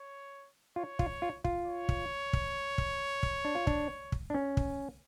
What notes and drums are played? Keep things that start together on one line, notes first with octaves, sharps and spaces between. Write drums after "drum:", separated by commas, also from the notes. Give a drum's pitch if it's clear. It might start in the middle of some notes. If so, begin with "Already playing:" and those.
Already playing: C#5
F4 C#5
F4, drum: kick
F4
F4, drum: kick
C#5
drum: kick
drum: kick
drum: kick
drum: kick
D4
F4
D4, drum: kick
drum: kick
D4
C#4
drum: kick